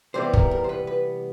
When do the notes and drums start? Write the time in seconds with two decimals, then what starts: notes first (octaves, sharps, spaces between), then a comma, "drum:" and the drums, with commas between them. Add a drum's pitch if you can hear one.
0.14 C3 E3 G3 B3 C5
0.33 A#4, drum: kick
0.51 A#4
0.64 C5
0.69 B4
0.87 B4